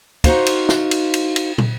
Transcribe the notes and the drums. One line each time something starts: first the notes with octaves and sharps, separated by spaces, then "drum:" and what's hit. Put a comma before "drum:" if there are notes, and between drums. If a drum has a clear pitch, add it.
D#4 F#4 C5 F5, drum: kick, cymbal
drum: cymbal
drum: snare
drum: cymbal
drum: cymbal
drum: cymbal
drum: tom